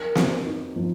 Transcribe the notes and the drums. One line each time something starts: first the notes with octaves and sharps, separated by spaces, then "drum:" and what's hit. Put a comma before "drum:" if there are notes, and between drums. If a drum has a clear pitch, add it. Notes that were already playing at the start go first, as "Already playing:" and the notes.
Already playing: A#4
C4, drum: snare
D#4
F3